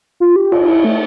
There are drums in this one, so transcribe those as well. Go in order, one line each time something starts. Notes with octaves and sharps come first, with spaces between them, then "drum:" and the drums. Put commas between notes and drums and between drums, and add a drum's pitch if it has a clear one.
F4
G4
F4, drum: cymbal
E4
A3